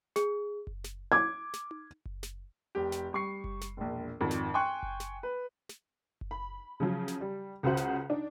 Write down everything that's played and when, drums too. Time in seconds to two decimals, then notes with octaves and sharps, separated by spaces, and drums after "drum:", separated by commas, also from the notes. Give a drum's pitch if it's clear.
0.16 G#4, drum: snare
0.67 drum: kick F#1
0.84 drum: snare
1.12 D6 G#6
1.54 drum: snare
1.71 drum: tom D#4
2.05 drum: kick F#1
2.23 drum: snare
2.75 F1 G4
2.92 drum: snare
3.13 G3 C#6 C7
3.44 drum: kick F#1
3.61 drum: snare
3.77 E1 A#1
4.21 G#1 F2 D#3
4.31 drum: snare
4.54 G5 G#5 C6 C#6 F#6
4.83 drum: kick F#1
5.00 drum: snare
5.23 B4
5.69 drum: snare
6.21 drum: kick F#1
6.31 B5
6.80 C#3 F3 F#3
7.08 drum: snare
7.21 G3
7.63 C#2 C#3 F#4 C5 F#5
7.77 drum: snare
8.10 D4 D#4